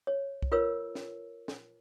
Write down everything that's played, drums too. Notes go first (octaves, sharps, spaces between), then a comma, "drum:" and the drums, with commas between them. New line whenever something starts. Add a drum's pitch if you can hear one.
C#5
drum: kick C2
F4 A#4 B4 C#5 E6
drum: snare
drum: snare